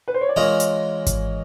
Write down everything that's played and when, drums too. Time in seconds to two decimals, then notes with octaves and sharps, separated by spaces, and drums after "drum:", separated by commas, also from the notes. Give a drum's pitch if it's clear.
0.08 B4
0.14 C5
0.21 C#5
0.29 D5
0.36 E3 G#3 C#4 F4 A#4 D#5
0.60 drum: hi-hat
1.06 drum: kick G#1, hi-hat